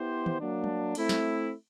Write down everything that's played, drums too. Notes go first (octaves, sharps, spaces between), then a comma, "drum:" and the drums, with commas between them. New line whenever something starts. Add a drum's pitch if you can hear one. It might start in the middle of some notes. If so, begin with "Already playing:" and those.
Already playing: B3 E4 G4 C5
drum: tom D#3
F#3 A#3 D4
drum: tom
A3 C4 E4, drum: cymbal
drum: snare